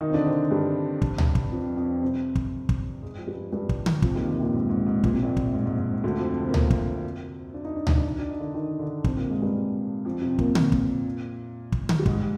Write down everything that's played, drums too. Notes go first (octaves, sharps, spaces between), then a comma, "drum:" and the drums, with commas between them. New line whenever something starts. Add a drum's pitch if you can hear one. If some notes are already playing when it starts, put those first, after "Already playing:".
D#3 D#4
C4
D3 D4
C3 C4
G2 G3
drum: kick
drum: tom C#2
drum: kick
F2 F3
F2 F3
C3 C4
drum: kick
drum: kick
G#2 G#3
F3
G2 G3
G2 G3
drum: kick
drum: tom D3
F2 F3, drum: kick
D#2 D#3
C2 C3
A#1 A#2
G#2
G#2
G#2
A#2, drum: kick
C3
A#1 A#2
drum: kick
G#2
G#2
G#2
D2 D3
F2 F3
C3 C4
A#3
C3 C4, drum: tom C#2
drum: kick
D4
D#4
D4
D#4, drum: tom C#2
D4
D#4
D4
D#4
D3 D4
D#3 D#4
D3 D4
C3 C4, drum: kick
A#2 A#3
G#2 G#3
G2 G3
F2 F3
C3 C4
A#2 A#3, drum: kick
A#2 A#3, drum: tom D3
drum: kick
drum: kick
drum: tom D3
G3
G#2 G#3, drum: kick